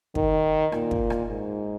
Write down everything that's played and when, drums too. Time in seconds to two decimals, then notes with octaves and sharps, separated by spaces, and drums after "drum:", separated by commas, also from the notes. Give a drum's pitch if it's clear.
0.15 D#3, drum: kick
0.72 A#2, drum: rim click
0.91 drum: kick
1.10 drum: rim click
1.29 G#2